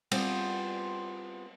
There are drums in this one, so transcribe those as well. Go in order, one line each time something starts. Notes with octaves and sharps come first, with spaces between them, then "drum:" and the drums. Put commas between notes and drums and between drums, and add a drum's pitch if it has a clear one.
G3 B3 C4 F4 G#4 C5, drum: cymbal